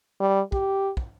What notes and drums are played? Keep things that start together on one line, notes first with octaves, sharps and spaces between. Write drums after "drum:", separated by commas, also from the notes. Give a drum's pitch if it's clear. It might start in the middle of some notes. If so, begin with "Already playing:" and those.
G3
G4, drum: kick
drum: kick